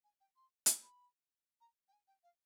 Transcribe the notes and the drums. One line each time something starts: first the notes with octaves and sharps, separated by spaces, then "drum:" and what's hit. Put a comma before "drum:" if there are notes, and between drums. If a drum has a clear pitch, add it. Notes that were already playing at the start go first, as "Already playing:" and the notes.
G#5
G5
C6
B5, drum: hi-hat
B5
A#5
G5
G#5
G5
F5